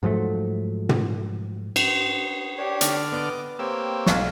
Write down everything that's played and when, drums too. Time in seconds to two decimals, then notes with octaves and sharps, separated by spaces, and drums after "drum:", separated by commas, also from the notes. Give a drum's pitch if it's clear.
0.03 G#2 F3 F#3 A3
0.89 drum: tom
1.76 drum: cymbal
2.58 D4 G4 C#5
2.81 D3 D5 F6, drum: hi-hat
3.12 B3 D#5 D6
3.59 A#3 C4 G4 C#5 E6
4.06 B1 F5 C#6, drum: snare